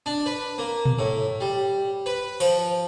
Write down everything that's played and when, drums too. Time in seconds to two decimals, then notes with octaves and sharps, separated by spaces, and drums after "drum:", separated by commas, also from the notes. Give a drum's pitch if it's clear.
0.06 D4
0.26 B4
0.58 A#3
0.85 drum: tom A#2
0.99 A2
1.41 G3
2.06 B4
2.40 F3, drum: open hi-hat